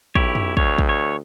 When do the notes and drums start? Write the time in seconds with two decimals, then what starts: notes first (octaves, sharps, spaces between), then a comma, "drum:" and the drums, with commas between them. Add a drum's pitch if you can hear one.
0.15 B1 E4 G4 C#5, drum: kick
0.35 drum: tom
0.57 D2 C#5, drum: kick
0.78 drum: kick
0.89 C#5